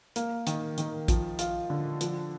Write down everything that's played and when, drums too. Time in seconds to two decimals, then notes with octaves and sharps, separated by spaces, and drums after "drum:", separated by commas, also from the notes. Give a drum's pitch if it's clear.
0.16 A#3, drum: hi-hat
0.47 D#3, drum: hi-hat
0.78 D#3, drum: hi-hat
1.08 F3, drum: kick A1, hi-hat
1.39 F4, drum: hi-hat
1.70 D3
2.01 F3, drum: hi-hat